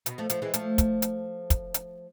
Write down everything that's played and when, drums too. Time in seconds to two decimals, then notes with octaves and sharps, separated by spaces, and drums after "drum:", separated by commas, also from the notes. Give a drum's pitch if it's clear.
0.06 B2, drum: hi-hat
0.18 F3 A3
0.30 F3 A3, drum: hi-hat
0.42 E3 G#3
0.54 F3 A3, drum: hi-hat
0.78 drum: kick, hi-hat
1.02 drum: hi-hat
1.50 drum: kick, hi-hat
1.74 drum: hi-hat